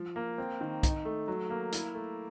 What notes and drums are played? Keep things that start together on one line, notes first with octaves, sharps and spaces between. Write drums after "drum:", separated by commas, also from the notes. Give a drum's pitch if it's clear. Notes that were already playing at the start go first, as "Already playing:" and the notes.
Already playing: F3
A#3
C4
D#3
D#4, drum: kick B1, hi-hat
A3
F#3
A#3
E4, drum: hi-hat
A3